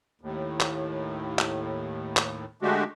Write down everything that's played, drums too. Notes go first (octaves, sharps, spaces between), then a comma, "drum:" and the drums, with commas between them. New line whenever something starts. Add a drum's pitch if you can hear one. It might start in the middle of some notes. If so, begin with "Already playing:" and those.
D#2 A2
drum: clap
drum: clap
drum: clap
D3 G#3 A3 D4 F#4 G4